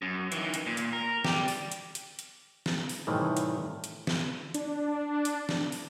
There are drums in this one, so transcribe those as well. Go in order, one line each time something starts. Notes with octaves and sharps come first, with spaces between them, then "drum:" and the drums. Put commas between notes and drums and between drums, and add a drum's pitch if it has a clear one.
F#2
D#3 E3, drum: hi-hat
drum: hi-hat
A#2
drum: hi-hat
A#4
G4 D5, drum: snare
drum: open hi-hat
drum: hi-hat
drum: hi-hat
drum: hi-hat
drum: snare
drum: open hi-hat
A2 C3 D#3 E3 G3
drum: hi-hat
drum: hi-hat
drum: snare
D4, drum: hi-hat
drum: hi-hat
drum: snare
drum: open hi-hat